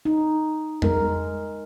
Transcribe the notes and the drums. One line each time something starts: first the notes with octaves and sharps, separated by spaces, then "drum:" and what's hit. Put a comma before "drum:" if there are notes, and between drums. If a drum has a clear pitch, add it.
D#4
G#3 A#4, drum: tom F2